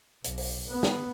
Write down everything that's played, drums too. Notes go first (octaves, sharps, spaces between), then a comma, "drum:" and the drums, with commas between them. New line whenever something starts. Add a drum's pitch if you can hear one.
B1, drum: hi-hat
drum: open hi-hat
B3
drum: snare